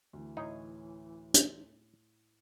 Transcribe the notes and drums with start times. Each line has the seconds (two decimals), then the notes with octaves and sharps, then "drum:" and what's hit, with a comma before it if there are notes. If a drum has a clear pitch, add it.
0.13 D2 E3
0.37 A2 D#4 G#4 C#5
1.34 drum: hi-hat